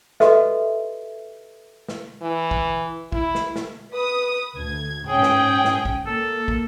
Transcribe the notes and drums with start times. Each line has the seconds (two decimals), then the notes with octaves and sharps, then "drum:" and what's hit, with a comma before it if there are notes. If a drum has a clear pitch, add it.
0.20 F#4 G4 A4 B4 D#5 E5, drum: snare
1.88 drum: snare
2.22 E3
2.51 drum: kick
3.12 E4, drum: kick
3.35 drum: snare
3.56 drum: snare
3.92 B4 D#6
4.55 D2 G#6
5.08 G#2 C#4 G#4 G5
5.23 drum: snare
5.65 drum: snare
5.85 drum: kick
6.06 A#3 A4
6.48 drum: kick